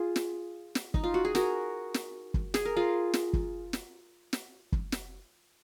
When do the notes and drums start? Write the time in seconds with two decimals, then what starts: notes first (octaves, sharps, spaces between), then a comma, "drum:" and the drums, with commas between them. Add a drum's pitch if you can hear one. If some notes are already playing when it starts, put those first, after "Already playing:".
Already playing: F4 G#4
0.16 drum: snare
0.75 drum: snare
0.94 D#4, drum: kick
1.04 F4
1.14 F#4
1.25 G#4
1.35 F#4 A#4, drum: snare
1.94 drum: snare
2.34 drum: kick
2.54 G#4, drum: snare
2.65 A#4
2.77 F4 G#4
3.14 drum: snare
3.33 drum: kick
3.73 drum: snare
4.33 drum: snare
4.72 drum: kick
4.92 drum: snare